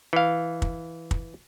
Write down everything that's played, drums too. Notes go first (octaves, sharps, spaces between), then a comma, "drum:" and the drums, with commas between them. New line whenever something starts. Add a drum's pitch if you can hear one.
E3 F5
drum: kick
drum: kick